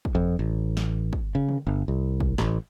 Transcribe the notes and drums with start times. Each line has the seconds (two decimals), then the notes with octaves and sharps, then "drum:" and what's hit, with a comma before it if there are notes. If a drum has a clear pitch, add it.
0.05 drum: kick
0.15 F2
0.39 A1
0.77 drum: snare
1.13 drum: kick
1.35 C#3
1.49 drum: tom D3
1.67 G1
1.88 C2
2.20 drum: kick
2.38 A1, drum: snare